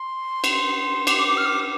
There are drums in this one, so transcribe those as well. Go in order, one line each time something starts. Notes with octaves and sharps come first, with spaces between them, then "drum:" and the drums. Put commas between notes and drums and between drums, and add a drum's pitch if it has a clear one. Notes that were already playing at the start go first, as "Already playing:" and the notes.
Already playing: C6
drum: cymbal
D6, drum: cymbal
D6
D6
F6
D6